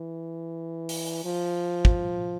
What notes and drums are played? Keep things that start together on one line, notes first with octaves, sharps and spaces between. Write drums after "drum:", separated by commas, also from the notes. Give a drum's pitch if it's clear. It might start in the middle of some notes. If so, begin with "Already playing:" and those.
Already playing: E3
drum: open hi-hat
F3
drum: kick